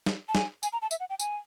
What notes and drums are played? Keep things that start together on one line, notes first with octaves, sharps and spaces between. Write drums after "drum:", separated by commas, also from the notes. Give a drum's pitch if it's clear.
drum: snare
A5
G#5, drum: snare
G#5, drum: tambourine
A#5
A5
E5, drum: tambourine
F#5
G5
G#5, drum: tambourine